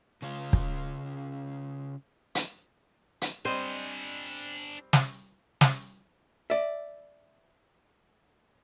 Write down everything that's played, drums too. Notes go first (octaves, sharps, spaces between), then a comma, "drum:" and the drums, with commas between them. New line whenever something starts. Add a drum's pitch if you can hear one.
C#3 C#4 F4
drum: kick
drum: hi-hat
drum: hi-hat
G3 C4 D4 C5 D#5 G#5
drum: snare
drum: snare
D5 E5